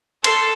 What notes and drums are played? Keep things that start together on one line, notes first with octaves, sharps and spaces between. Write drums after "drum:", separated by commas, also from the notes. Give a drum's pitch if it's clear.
A4 C6, drum: cymbal